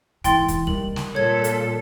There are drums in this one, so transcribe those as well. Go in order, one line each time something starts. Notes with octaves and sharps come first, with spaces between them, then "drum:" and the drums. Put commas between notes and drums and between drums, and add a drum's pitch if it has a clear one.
G#1 E3 G5 C6 A6, drum: hi-hat
drum: kick, hi-hat
D#3 G3 F#7
drum: snare
A#2 A4 C#5 G#6
drum: hi-hat